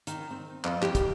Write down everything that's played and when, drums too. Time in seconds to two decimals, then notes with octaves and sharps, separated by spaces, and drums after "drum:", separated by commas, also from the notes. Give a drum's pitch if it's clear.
0.07 D#3, drum: hi-hat
0.31 C4
0.65 F2, drum: clap
0.82 G4, drum: clap
0.95 drum: kick, hi-hat